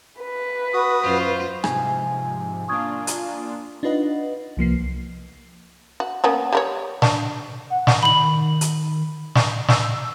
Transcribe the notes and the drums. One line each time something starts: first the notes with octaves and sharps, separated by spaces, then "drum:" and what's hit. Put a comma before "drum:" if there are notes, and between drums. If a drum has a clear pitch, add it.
B4
F#4 D#6
F#2 F4 C5
G#2 C3 F3 G#5, drum: rim click
A#3 D4 F4 C#6 D#6 G#6
drum: hi-hat
D4 D#4 F4 B4 D#5 F#5
C2 F3 A#3 C7
F#4
A#3 B3 C#4
G3 A#4 C#5
D4, drum: snare
F#5
drum: snare
D#3 B5 F#7
drum: hi-hat
drum: snare
E6, drum: snare